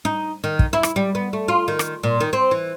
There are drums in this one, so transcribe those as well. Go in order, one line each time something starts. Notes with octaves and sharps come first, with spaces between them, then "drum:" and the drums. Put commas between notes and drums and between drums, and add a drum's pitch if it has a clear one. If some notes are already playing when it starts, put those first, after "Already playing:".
D#4
D#3
drum: kick
E4
drum: rim click
G3
B3
A3
F4
D#3
drum: rim click
A#2
D#3
C4
E3